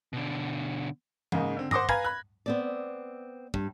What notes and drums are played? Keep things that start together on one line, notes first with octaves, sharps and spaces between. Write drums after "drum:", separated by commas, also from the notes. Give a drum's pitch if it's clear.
B2 D3
G#2 C#3 A#3 D#4, drum: tom E3
D3 C4
C5 F#5 C6 D6 D#6 A#6, drum: tom G2
B4 F5 G#5 A#5 B5 G#6, drum: kick
B5 F#6
B3 C4 D5
G2, drum: kick